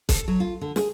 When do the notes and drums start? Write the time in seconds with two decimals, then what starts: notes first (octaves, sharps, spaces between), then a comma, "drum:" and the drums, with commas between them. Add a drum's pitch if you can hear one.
0.09 A4, drum: kick, hi-hat
0.28 F#3
0.40 F4
0.61 D3
0.76 G#4, drum: snare